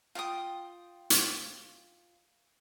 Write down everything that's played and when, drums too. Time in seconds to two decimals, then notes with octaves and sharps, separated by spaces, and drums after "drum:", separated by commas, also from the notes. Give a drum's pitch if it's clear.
0.15 F4 F5 G5 D#6
1.10 drum: hi-hat